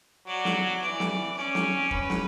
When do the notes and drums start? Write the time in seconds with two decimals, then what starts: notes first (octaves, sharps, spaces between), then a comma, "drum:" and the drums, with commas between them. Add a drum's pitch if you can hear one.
0.26 F#3 D5
0.45 drum: snare
0.81 E3 D5
1.00 drum: snare
1.36 C#4 D5
1.55 drum: snare
1.91 C#4 B4, drum: kick
2.10 drum: snare